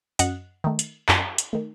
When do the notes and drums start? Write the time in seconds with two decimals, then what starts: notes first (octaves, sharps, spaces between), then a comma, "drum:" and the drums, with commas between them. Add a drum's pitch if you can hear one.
0.19 F#2 D#5 F#5, drum: hi-hat
0.64 D#3 A3
0.79 drum: hi-hat
1.09 F#2, drum: clap
1.38 drum: hi-hat
1.53 D#3 A3